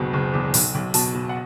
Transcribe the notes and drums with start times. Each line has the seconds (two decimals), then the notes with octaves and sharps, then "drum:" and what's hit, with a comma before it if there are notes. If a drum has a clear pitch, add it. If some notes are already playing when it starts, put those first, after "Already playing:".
Already playing: F#1 D2 B2
0.13 F#1
0.34 E2
0.54 B1, drum: open hi-hat
0.74 B1
0.94 B2 A5, drum: open hi-hat
1.15 B2
1.29 F#5